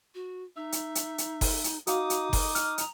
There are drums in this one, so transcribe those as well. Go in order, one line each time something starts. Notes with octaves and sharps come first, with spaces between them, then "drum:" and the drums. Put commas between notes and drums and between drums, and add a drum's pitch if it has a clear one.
F#4
D#4 E5
drum: hi-hat
drum: hi-hat
drum: hi-hat
drum: kick F#1, open hi-hat
drum: hi-hat
D#4 F#4 F5 D6 D#6, drum: hi-hat
drum: hi-hat
drum: kick F#1, open hi-hat
F6, drum: hi-hat
A#5, drum: hi-hat